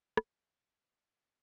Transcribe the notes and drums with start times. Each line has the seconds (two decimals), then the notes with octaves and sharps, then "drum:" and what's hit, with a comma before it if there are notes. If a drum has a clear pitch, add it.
0.17 G6, drum: rim click
0.93 D6